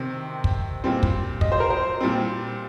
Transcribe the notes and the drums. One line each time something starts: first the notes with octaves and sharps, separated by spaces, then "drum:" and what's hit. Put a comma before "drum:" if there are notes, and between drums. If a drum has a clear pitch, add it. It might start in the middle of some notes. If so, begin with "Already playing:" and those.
Already playing: C3 D#3 C4
drum: kick
A#2 G3 C4
drum: kick
D#5, drum: kick
C5
A#4
C5
A#2 G3 C4